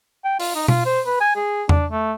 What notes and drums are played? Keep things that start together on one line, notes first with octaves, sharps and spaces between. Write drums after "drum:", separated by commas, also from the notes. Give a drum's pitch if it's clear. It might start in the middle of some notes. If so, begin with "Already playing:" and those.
G5
F4, drum: open hi-hat
D#4
F4, drum: tom B2
C5
B4
G#5
G#4
D4, drum: tom E2
A3